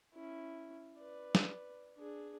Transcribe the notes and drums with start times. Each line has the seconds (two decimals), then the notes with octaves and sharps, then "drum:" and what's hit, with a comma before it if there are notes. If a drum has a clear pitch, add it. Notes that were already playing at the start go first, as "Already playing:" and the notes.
0.14 C#4 E4
0.97 B4 D5
1.35 drum: snare
1.98 D4 G#4